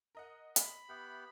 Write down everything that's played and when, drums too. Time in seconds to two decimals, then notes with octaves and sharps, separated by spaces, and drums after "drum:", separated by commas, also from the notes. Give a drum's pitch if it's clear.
0.15 A#4 D#5 F#5
0.56 B5, drum: hi-hat
0.89 B3 G4 E5 F#5